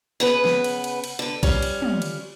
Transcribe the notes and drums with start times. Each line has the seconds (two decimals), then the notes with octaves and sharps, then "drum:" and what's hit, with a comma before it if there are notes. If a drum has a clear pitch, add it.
0.20 C#3 B3 B4
0.45 drum: snare
0.64 drum: cymbal
0.84 drum: cymbal
1.04 drum: cymbal
1.19 D3 B4
1.43 G3 C#4 F4, drum: kick A#1, cymbal
1.62 drum: cymbal
1.82 drum: tom
2.02 drum: cymbal